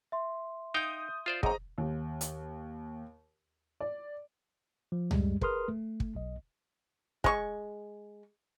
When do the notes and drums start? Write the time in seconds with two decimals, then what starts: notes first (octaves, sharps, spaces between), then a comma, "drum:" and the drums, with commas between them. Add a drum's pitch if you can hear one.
0.12 E5 C6
0.74 D#4 F5 G5 D#6 G6
1.26 F4 C5 D5
1.43 F#2 A#2 G#4 C5 D#5 A#5, drum: kick
1.78 D#2
2.21 drum: hi-hat
3.80 D5
4.92 F3
5.11 F#2 G3 G#3, drum: tom C#2
5.41 G#4 A#4 B4 C6 D#6 F6, drum: kick
5.68 A3
6.00 drum: kick
6.15 B1 D#5
7.24 G#3 C#6, drum: kick